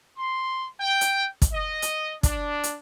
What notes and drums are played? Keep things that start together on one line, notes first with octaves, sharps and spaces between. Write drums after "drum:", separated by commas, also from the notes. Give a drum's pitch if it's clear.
C6
G5
drum: hi-hat
drum: kick, hi-hat
D#5
drum: hi-hat
D4, drum: kick, hi-hat
drum: hi-hat